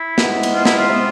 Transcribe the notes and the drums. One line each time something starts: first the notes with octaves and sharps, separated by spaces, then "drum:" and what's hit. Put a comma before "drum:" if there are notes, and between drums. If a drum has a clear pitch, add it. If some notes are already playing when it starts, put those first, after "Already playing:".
Already playing: E4
G#2 E3 G#3 B3, drum: snare
drum: cymbal
F4
E4, drum: snare
F4
C3 G#3 B3